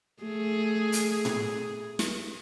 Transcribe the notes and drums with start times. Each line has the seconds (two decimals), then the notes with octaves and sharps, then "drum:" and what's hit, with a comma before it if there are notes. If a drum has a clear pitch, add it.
0.22 A3 G#4
0.92 drum: hi-hat
1.25 drum: tom A2
1.99 drum: snare